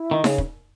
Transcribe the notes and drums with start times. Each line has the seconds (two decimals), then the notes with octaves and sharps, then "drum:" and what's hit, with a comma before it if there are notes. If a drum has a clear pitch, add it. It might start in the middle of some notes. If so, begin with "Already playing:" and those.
Already playing: E4
0.11 D#3
0.24 C#3 G#4, drum: snare D#4
0.38 drum: kick